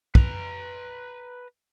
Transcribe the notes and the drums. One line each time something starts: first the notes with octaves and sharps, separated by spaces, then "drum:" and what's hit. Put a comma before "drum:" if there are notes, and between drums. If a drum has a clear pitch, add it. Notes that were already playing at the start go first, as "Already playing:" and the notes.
B4 A#5, drum: kick